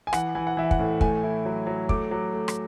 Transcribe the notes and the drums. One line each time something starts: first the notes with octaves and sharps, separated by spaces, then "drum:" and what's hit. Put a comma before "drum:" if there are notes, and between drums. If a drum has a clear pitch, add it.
G#5
E3 F#5, drum: rim click
E3 G#5
F#5
E3 E5
F#5, drum: kick
A2
A3 G#5, drum: kick
E4
F#3
F#3
A3 D6, drum: kick
F#3
A3
drum: rim click